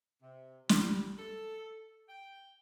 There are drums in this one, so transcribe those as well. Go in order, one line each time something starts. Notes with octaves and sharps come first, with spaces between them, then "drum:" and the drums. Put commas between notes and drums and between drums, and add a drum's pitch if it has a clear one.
C3
G3, drum: snare
A4
G5